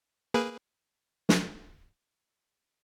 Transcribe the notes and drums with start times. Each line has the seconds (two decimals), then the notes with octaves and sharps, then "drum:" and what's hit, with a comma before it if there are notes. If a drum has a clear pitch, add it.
0.34 A#3 G#4 B4
1.29 drum: snare